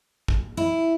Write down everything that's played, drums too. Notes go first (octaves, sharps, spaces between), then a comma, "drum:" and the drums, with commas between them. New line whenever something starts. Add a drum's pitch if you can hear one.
drum: kick
E4